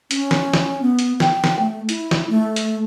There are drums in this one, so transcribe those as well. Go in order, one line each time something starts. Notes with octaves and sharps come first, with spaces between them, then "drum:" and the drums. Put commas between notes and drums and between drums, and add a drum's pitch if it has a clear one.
C#4, drum: hi-hat
drum: snare
drum: snare
B3
drum: hi-hat
G5, drum: snare
drum: snare
A3
E4, drum: hi-hat
drum: snare
A3
drum: hi-hat